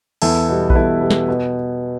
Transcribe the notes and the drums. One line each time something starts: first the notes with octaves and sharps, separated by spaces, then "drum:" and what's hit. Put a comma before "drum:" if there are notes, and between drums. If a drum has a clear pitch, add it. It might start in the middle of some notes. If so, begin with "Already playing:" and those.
E2 E4 A4, drum: open hi-hat
B2 G3
B4, drum: kick A#1
E2 E4 A4
B2 G3
drum: snare
B2